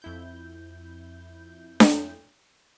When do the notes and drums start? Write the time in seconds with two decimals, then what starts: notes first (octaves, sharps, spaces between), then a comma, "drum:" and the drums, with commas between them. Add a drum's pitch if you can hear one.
0.02 F2 E4 G6
1.80 drum: snare D4